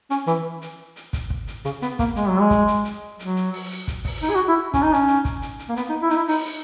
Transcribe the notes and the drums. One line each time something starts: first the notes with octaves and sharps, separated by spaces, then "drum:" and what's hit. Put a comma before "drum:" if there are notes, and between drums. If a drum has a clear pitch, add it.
C#4, drum: hi-hat
E3, drum: hi-hat
drum: hi-hat
drum: hi-hat
drum: kick, hi-hat
drum: kick
drum: hi-hat
C#3, drum: hi-hat
B3, drum: hi-hat
A#3, drum: kick, hi-hat
G#3, drum: hi-hat
F#3
G#3
drum: kick, hi-hat
drum: hi-hat
drum: hi-hat
F#3, drum: hi-hat
drum: hi-hat
drum: open hi-hat
drum: hi-hat
drum: kick, hi-hat
drum: kick, open hi-hat
D#4, drum: hi-hat
G#4
F#4
E4
C#4, drum: kick, hi-hat
D#4
C#4, drum: hi-hat
drum: hi-hat
drum: kick, hi-hat
drum: hi-hat
drum: hi-hat
A#3
B3, drum: hi-hat
D#4
E4
D#4, drum: hi-hat
E4
D#4, drum: open hi-hat
drum: hi-hat